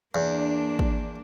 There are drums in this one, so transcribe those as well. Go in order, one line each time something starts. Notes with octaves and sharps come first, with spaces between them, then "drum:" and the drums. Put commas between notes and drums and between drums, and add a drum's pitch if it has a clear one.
E2 A#3 D4
drum: kick